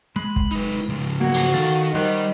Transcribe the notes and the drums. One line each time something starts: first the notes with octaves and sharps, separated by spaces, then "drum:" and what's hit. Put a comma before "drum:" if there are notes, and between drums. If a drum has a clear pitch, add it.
G#3 B5
drum: kick
D#4 B4
C#3 F3
F#3 A#3 F#4
drum: open hi-hat
D#3 A4 F5
D#3 G3 G4 C5 F#5